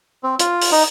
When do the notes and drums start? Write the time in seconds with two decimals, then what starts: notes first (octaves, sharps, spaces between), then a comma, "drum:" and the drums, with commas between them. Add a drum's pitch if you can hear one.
0.23 C4
0.39 F4, drum: hi-hat
0.62 drum: open hi-hat
0.72 D#4